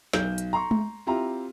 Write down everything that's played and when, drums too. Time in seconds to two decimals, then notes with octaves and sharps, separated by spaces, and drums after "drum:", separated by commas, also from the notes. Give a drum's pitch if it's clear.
0.13 B1 G6, drum: snare
0.38 drum: hi-hat
0.53 A#5 C6 C#6
0.71 drum: tom G#3
1.07 C4 E4 F4 G4 A#5